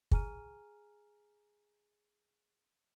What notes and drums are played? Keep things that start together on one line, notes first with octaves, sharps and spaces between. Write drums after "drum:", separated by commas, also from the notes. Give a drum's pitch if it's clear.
G#4 G#5 A#5 F6 D#7, drum: kick